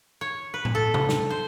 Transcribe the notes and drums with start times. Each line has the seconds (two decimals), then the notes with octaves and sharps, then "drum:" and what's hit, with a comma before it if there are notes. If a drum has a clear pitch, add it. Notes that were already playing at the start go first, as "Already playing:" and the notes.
0.21 C#5
0.54 B4
0.65 drum: tom A2
0.75 A4
0.94 drum: tom C3
1.09 drum: snare
1.30 C5